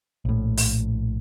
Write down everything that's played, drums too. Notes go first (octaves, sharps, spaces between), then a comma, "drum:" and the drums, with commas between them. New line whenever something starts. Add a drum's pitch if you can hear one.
A#1 A2
drum: open hi-hat